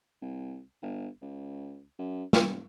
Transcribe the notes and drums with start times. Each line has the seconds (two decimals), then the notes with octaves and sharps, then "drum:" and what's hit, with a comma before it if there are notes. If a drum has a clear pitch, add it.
0.22 C2
0.82 G1
1.22 C#2
1.99 F#2
2.33 E1, drum: snare